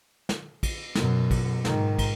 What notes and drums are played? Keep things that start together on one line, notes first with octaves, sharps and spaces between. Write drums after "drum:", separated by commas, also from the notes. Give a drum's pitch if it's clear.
drum: snare
drum: kick, cymbal
F#2 B2, drum: snare
drum: kick, cymbal
G#2 D#3, drum: snare
drum: kick, cymbal